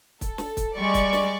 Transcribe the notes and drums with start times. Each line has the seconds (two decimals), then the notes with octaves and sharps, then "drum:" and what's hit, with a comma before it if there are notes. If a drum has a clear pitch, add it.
0.21 A4, drum: kick, hi-hat
0.38 drum: snare
0.57 drum: kick, hi-hat
0.75 G3 G#3 D5 C#6
0.94 drum: kick, hi-hat
1.13 drum: snare